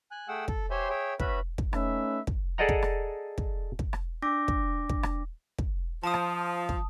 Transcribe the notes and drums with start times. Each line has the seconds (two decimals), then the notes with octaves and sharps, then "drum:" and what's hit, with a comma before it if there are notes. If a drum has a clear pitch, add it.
0.11 G#5 F#6
0.28 A3 G#4 F#5 G5 E6
0.48 A4, drum: kick
0.70 G4 C5 C#5 E5 G#5 C6
0.90 G#4 C#5 E5 G5
1.20 C#4 F#4 B4 E5 B5, drum: kick
1.58 drum: kick
1.73 A3 C#4 D#4 B4 E5, drum: rim click
2.27 drum: kick
2.58 G#4 A4 D5 D#5 F#5 A#5
2.69 drum: kick
2.82 drum: rim click
3.38 drum: kick
3.79 drum: kick
3.93 drum: rim click
4.22 D4 D6 A#6
4.48 drum: kick
4.89 drum: kick
5.03 drum: rim click
5.58 drum: kick
6.04 F3 A5 D#6
6.14 drum: rim click
6.69 drum: kick